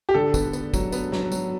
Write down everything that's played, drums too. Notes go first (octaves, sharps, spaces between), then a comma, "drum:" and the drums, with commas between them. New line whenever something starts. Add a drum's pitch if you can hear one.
G4
D3 A4
B3, drum: kick, tambourine
B3, drum: tambourine
F#3, drum: kick, tambourine
B3, drum: tambourine
F#3, drum: snare
F#3, drum: tambourine